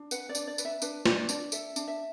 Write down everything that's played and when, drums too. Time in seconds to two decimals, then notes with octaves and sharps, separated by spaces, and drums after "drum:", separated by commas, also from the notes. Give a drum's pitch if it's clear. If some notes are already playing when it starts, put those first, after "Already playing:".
Already playing: D4
0.11 B4 F#5, drum: tambourine
0.29 D5
0.35 D4, drum: tambourine
0.47 D5
0.58 B4, drum: tambourine
0.65 E5
0.82 D4 B4, drum: tambourine
1.05 B4 D5, drum: snare
1.29 D4 D5, drum: tambourine
1.52 A4 E5, drum: tambourine
1.76 D4, drum: tambourine
1.88 E5